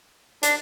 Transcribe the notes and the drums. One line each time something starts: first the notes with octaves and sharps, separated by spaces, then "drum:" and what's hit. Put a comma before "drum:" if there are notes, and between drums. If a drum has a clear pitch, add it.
D4, drum: hi-hat